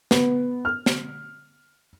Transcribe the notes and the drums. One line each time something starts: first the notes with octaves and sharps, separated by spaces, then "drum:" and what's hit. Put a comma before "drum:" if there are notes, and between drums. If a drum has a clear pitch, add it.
B3, drum: snare
F6
drum: snare